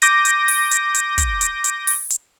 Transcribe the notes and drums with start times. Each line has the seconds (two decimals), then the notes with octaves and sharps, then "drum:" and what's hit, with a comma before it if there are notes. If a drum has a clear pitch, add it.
0.02 D6 G6 A#6 D#7, drum: hi-hat
0.25 drum: hi-hat
0.48 drum: open hi-hat
0.71 drum: hi-hat
0.94 drum: hi-hat
1.18 drum: kick, hi-hat
1.41 drum: hi-hat
1.64 drum: hi-hat
1.87 drum: open hi-hat
2.10 drum: hi-hat